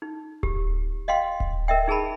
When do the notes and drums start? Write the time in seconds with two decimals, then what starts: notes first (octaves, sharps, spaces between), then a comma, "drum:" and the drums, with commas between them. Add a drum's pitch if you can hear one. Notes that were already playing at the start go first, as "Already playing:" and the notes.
0.02 D#4
0.43 G4, drum: kick D1
1.08 D#5 F5 G5 C6
1.40 drum: kick D1
1.68 A#4 D#5 E5 G5
1.88 D#4 G#4 A#4 A5 B5